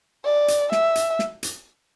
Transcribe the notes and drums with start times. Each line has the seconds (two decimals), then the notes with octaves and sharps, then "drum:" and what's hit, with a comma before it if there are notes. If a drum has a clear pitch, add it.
0.25 D5
0.48 drum: hi-hat
0.72 E5, drum: snare
0.95 drum: hi-hat
1.19 drum: snare
1.43 drum: hi-hat